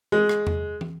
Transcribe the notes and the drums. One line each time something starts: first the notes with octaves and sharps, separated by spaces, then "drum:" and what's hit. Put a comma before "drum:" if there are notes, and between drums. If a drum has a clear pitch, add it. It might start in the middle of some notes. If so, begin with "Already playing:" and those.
G#3
drum: rim click
drum: tom E2
drum: tom